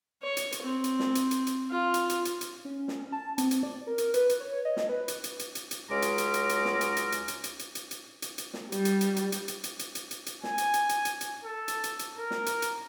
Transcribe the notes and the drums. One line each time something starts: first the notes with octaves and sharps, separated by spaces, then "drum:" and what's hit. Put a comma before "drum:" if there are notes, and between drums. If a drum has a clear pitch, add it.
C#5
drum: hi-hat
drum: hi-hat
C4
drum: hi-hat
drum: snare
drum: hi-hat
drum: hi-hat
drum: hi-hat
F4
drum: hi-hat
drum: hi-hat
drum: hi-hat
drum: hi-hat
C#4
drum: snare
A5
C4, drum: hi-hat
drum: hi-hat
D5
A#4
drum: hi-hat
B4, drum: hi-hat
drum: hi-hat
C#5
D#5
drum: snare
B4
drum: hi-hat
drum: hi-hat
drum: hi-hat
drum: hi-hat
drum: hi-hat
C#2 F#3 G#3 C#4 A#5 D6
drum: hi-hat
drum: hi-hat
drum: hi-hat
drum: hi-hat
drum: snare
drum: hi-hat
drum: hi-hat
drum: hi-hat
drum: hi-hat
drum: hi-hat
drum: hi-hat
drum: hi-hat
drum: hi-hat
drum: hi-hat
drum: hi-hat
drum: snare
G3, drum: hi-hat
drum: hi-hat
drum: hi-hat
drum: hi-hat
drum: hi-hat
drum: hi-hat
drum: hi-hat
drum: hi-hat
drum: hi-hat
drum: hi-hat
drum: hi-hat
G#5, drum: snare
drum: hi-hat
drum: hi-hat
drum: hi-hat
drum: hi-hat
drum: hi-hat
A4
drum: hi-hat
drum: hi-hat
drum: hi-hat
A#4
drum: snare
drum: hi-hat
drum: hi-hat